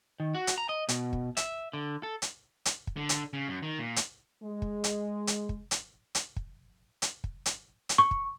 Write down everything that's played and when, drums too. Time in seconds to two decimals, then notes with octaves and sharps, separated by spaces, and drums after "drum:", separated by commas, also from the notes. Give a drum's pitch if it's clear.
0.20 D#3
0.35 F#4
0.47 drum: hi-hat
0.58 A#5
0.69 D#5
0.89 B2, drum: hi-hat
1.13 drum: kick
1.37 E5, drum: hi-hat
1.73 D3
2.03 A4
2.22 drum: hi-hat
2.65 drum: hi-hat
2.87 drum: kick
2.97 D3
3.09 drum: hi-hat
3.33 C#3
3.48 F#2
3.63 D#3
3.79 A#2
3.96 drum: hi-hat
4.43 G#3
4.62 drum: kick
4.84 drum: hi-hat
5.27 drum: hi-hat
5.49 drum: kick
5.71 drum: hi-hat
6.15 drum: hi-hat
6.36 drum: kick
7.02 drum: hi-hat
7.24 drum: kick
7.46 drum: hi-hat
7.89 drum: hi-hat
7.98 C#6
8.11 drum: kick